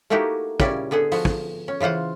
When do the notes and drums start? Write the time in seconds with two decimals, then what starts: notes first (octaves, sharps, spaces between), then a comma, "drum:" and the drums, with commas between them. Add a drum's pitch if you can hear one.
0.10 A3 A#3 D#4 E4 F#4 G4
0.60 A#2 C#3 G3 C#4 E4 D5, drum: kick
0.91 D3 B3 G#4 F#5
1.12 F3 B3 F#4, drum: open hi-hat
1.25 drum: kick
1.68 C#4
1.80 C#3 E3 F4 C5 F#5